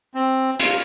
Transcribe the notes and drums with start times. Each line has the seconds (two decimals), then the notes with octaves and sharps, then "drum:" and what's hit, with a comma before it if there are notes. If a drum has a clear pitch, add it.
0.15 C4
0.60 F4, drum: hi-hat